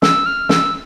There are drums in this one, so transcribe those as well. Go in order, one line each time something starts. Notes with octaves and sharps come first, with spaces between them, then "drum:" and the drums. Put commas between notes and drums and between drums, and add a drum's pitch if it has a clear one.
E6, drum: snare
F6
E6, drum: snare